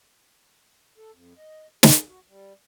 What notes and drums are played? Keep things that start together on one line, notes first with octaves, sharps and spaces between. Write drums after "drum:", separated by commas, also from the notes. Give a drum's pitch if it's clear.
A4
F2
D#5
G#4, drum: snare
F#4
G3